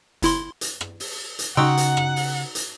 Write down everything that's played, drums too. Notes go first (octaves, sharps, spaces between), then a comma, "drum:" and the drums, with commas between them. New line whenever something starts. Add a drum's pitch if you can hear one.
G1 E4 C6, drum: hi-hat
drum: hi-hat
drum: rim click
drum: open hi-hat
drum: hi-hat
C#3 D#4 F#4 F#5 G5 C6 E6
drum: hi-hat
drum: rim click
drum: open hi-hat
drum: hi-hat